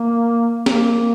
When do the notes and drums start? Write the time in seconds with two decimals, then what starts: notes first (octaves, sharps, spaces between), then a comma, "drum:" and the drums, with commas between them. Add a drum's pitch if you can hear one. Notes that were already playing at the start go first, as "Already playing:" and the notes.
Already playing: A#3
0.66 A#3, drum: snare